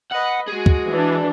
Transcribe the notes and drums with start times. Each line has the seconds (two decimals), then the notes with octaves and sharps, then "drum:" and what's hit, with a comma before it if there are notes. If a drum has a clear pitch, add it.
0.12 B4 D#5 F#5
0.48 G#3 F#4 G#4
0.66 drum: kick
0.89 E3 D4